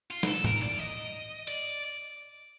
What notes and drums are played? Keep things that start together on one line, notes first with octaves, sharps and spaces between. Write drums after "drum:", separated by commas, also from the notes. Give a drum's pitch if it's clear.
F4
A#4, drum: snare
A4
A#4, drum: tom G#2
D5
D#5
D5, drum: hi-hat